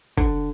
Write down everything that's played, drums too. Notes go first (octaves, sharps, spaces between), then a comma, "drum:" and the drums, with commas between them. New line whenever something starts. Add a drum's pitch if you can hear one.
D3, drum: kick